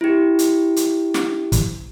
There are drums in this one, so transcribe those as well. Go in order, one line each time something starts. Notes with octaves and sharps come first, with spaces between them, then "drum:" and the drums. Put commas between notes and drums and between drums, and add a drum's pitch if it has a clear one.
E4 G4
drum: hi-hat
drum: hi-hat
drum: snare
drum: kick, hi-hat